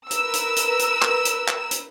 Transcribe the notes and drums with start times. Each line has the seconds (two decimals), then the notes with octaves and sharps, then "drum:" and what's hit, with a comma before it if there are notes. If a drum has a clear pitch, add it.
0.11 A#4 B4 E6, drum: hi-hat
0.34 drum: hi-hat
0.56 drum: hi-hat
0.79 drum: hi-hat
1.02 drum: clap
1.25 drum: hi-hat
1.48 drum: clap
1.71 drum: hi-hat